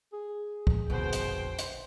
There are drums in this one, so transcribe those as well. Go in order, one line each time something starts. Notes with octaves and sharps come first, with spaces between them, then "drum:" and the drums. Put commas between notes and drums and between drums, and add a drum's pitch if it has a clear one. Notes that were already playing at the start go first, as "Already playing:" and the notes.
G#4
drum: kick
F1 A#1 B2 D3 C5 G5
drum: hi-hat
drum: hi-hat